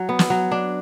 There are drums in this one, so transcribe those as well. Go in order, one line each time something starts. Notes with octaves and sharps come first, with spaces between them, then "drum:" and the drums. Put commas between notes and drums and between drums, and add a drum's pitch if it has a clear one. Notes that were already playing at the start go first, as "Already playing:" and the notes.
Already playing: F#3
B3
drum: snare
F#3
D4